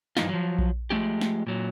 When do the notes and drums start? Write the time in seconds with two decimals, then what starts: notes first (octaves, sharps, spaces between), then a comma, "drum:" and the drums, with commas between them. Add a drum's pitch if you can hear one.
0.17 G2 E3 F3 D#4 F4, drum: snare
0.29 F3 F#3
0.59 drum: kick A#1
0.90 F3 G#3 A3 C#4 G4
1.21 drum: snare
1.47 A#2 F#3